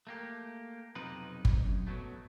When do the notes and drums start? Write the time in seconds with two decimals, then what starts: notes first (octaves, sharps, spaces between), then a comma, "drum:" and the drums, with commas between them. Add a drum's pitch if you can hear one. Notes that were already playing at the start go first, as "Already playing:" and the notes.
0.07 A3 A#3 G4
0.95 B1 F2 C3 F3 D#4 B4
1.45 drum: kick G1
1.64 F#2
1.87 B2 D3 F#3 A3